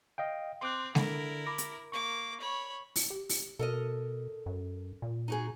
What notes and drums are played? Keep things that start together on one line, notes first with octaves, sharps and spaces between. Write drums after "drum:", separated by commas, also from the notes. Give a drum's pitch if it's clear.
D#5 F5 G5
C4 C6 D6 F#6
D3 E4 A#4, drum: snare G#3
B5 D6 A#6
drum: hi-hat
A#3 C#6 D6
C#5 B5
drum: open hi-hat
G4
drum: open hi-hat
B2 A4 A#4 D#5
F#2
A#2
D#4 F#4 G#4